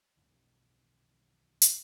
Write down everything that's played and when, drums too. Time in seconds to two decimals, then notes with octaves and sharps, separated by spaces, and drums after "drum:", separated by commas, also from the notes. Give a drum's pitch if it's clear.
0.17 B1 F#2 C3 E3
1.62 drum: hi-hat